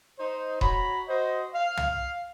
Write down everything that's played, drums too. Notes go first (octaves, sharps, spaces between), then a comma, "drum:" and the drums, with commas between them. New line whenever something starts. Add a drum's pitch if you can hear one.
D#4 C5
F#4 C#5 A#5 B5, drum: kick D#1
F#4 C5 D#5
F5
drum: tom